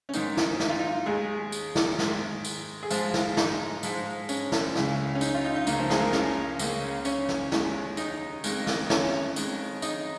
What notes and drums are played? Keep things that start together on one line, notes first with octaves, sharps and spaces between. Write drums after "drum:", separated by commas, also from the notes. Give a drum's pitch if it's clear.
C#4
G#2 D#3 A#3 D#4, drum: tambourine
drum: snare
D#4, drum: snare
F4
D#4
D#2 D#3 G#3 G#4
drum: tambourine
drum: snare
G#2 D#3 G#3, drum: snare
drum: tambourine
G#4
G#2 F3 G#3 F4, drum: tambourine
drum: snare
D#4, drum: snare
G#2 F3 G#3, drum: tambourine
C#4, drum: tambourine
drum: snare
C#2 C#3 G#3, drum: snare
C#4
D#4, drum: tambourine
F4
D#4
D#4
C#2 C#3 A#3 D#4, drum: tambourine
F3 F4
G#3 G#4, drum: snare
A#3 A#4
C#4 C#5, drum: snare
C#2 C#3 A#3, drum: tambourine
C#4 C#5, drum: tambourine
drum: snare
D#2 D#3 G#3, drum: snare
D#4 D#5, drum: tambourine
F2 D#3 G#3, drum: tambourine
drum: snare
C#4 C#5, drum: snare
F2 D#3 G#3, drum: tambourine
D#4 D#5, drum: tambourine